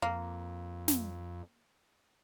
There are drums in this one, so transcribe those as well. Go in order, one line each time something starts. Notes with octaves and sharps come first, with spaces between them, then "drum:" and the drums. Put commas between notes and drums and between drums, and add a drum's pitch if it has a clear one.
F2 A#3
drum: snare